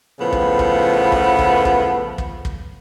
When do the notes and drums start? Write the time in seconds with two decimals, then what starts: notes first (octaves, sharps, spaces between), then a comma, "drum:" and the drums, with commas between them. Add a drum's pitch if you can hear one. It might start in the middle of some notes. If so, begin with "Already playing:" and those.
0.19 A2 C#3 F3 B3
0.33 drum: kick
0.59 drum: kick
1.12 drum: kick
1.39 drum: kick
1.65 drum: kick
2.18 drum: kick
2.45 drum: kick